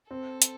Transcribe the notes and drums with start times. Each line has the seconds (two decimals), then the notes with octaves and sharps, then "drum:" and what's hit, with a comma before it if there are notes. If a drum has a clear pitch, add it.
0.11 C4 A4
0.42 drum: hi-hat